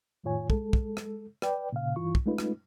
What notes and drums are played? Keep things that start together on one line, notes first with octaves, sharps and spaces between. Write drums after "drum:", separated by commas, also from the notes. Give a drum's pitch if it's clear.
F2 A2 D#3 F4 C#5 G#5
G#3 A4, drum: kick
drum: kick
drum: rim click
B4 D5 G5, drum: rim click
A#2 C#3 F5
G2 E3 F4 C#6
drum: kick
G#3 A3 C#4 D#4 F4 B4
drum: rim click